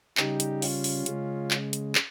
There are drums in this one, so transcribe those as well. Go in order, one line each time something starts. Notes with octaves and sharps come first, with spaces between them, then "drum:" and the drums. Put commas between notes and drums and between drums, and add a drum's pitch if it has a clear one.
C#3 G3 D#4 G4, drum: clap
drum: hi-hat
C#4 F4, drum: open hi-hat
drum: open hi-hat
C#3 G#3, drum: hi-hat
drum: clap
drum: hi-hat
drum: clap